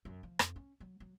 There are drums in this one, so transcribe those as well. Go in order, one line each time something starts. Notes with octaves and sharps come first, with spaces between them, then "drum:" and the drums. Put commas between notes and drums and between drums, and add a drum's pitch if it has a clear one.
F#2
F3
F2, drum: rim click
C#4
F#3
F#3